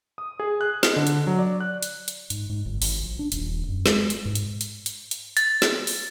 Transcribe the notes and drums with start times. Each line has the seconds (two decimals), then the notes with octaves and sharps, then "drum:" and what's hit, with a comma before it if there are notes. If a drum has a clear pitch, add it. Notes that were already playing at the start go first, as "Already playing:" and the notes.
0.18 D#6
0.40 G#4
0.61 F#6
0.83 D#5, drum: snare
0.96 D3
1.07 drum: hi-hat
1.27 F#3
1.39 D5
1.61 F#6
1.83 drum: hi-hat
2.08 drum: hi-hat
2.30 G#2, drum: hi-hat
2.50 G#2
2.66 G1
2.82 G#1, drum: open hi-hat
3.03 A#1
3.19 D4
3.32 D#1, drum: hi-hat
3.68 F#2
3.86 G#3, drum: snare
4.10 drum: hi-hat
4.25 G#2
4.35 drum: hi-hat
4.61 drum: hi-hat
4.86 drum: hi-hat
5.11 drum: hi-hat
5.37 A6, drum: hi-hat
5.62 drum: snare
5.87 drum: open hi-hat